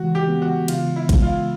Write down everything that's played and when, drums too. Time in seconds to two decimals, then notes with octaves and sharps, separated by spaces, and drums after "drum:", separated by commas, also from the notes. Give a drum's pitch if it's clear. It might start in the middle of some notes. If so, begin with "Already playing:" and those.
Already playing: C#3 E3 G#3 F#4
0.15 G4
0.29 B3
0.42 F#4
0.68 C#3 F4, drum: cymbal
0.96 E4
1.09 G#3, drum: kick G#1, cymbal
1.22 F4